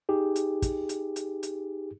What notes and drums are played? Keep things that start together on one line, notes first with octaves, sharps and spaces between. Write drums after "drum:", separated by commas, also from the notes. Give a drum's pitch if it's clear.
D#4 G4 G#4
drum: hi-hat
drum: kick, hi-hat
drum: hi-hat
drum: hi-hat
drum: hi-hat